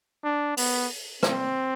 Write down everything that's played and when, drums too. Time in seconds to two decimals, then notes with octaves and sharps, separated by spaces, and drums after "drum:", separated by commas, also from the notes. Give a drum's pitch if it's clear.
0.24 D4
0.57 B3, drum: open hi-hat
1.23 C4, drum: rim click